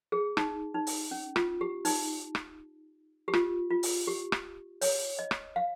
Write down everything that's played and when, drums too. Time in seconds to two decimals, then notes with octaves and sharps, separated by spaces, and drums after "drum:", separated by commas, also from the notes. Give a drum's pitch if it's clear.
0.12 G#4
0.37 D#4, drum: rim click
0.74 D#4
0.87 drum: open hi-hat
1.11 C#4
1.36 F4, drum: rim click
1.61 G4
1.85 D#4, drum: open hi-hat
2.35 drum: rim click
3.28 G4
3.33 F4, drum: rim click
3.70 F4
3.83 drum: open hi-hat
4.07 G4
4.32 drum: rim click
4.81 C#5, drum: open hi-hat
5.19 D#5
5.31 drum: rim click
5.56 F5